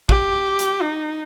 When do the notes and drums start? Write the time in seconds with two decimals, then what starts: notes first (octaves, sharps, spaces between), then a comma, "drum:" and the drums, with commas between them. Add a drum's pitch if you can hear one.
0.09 G4, drum: kick
0.59 drum: hi-hat
0.82 D#4